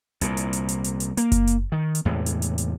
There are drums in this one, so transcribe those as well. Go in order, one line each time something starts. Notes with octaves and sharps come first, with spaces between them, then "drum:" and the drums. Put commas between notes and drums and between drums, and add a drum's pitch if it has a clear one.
C2 A#2, drum: hi-hat
drum: hi-hat
drum: hi-hat
drum: hi-hat
drum: hi-hat
drum: hi-hat
A#3, drum: hi-hat
drum: kick F#1, hi-hat
drum: hi-hat
D#3
drum: hi-hat
E2 A2 C3 G#3
drum: hi-hat
drum: hi-hat
drum: hi-hat